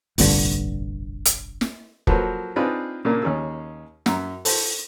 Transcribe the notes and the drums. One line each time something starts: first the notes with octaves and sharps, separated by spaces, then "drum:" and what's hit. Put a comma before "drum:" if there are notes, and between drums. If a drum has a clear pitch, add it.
F1 A#1 G2 D3, drum: open hi-hat
drum: hi-hat
drum: snare
F3 F#3 A#3 A4 B4 C5, drum: kick
C4 D4 D#4 F4 G#4 B4
A#2 C#3 A#3 D4
D#2 C#4 G#4 E6
F#2, drum: snare
A4 C5, drum: open hi-hat